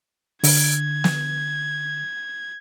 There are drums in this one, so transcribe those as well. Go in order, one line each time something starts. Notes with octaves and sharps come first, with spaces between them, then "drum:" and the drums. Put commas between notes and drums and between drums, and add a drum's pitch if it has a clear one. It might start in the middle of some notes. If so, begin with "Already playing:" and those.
D3 G#6, drum: open hi-hat
drum: snare